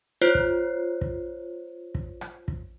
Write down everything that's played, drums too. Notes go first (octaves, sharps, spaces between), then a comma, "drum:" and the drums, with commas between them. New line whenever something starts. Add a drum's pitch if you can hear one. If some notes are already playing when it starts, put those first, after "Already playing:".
F4 C5 C#5 F#6 C7
drum: kick
drum: kick
drum: kick
drum: rim click
drum: kick